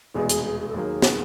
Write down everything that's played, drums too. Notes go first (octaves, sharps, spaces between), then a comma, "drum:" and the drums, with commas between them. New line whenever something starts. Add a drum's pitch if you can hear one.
F1 E2 B2 G#3 G#4
G#4, drum: hi-hat
G#4
G#4
A4
D#2 D#3 F#3 A#3 G#4
drum: snare